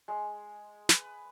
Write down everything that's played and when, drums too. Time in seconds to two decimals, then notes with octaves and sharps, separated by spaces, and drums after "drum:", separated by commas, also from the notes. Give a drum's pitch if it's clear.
0.08 G#3
0.89 B4, drum: snare